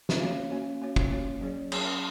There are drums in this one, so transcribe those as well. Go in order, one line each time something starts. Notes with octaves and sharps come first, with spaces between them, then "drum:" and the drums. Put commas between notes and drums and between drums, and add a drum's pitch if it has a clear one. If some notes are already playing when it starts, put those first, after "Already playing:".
drum: snare
A#3 C#4 F#4 C#5
A#3 C#4 F#4 C#5
A#3 C#4 F#4 C#5
drum: kick
A#3 C#4 F#4 C#5
F#3 C#4 G#4 C#5
F#3 C#4 G#4 C#5, drum: cymbal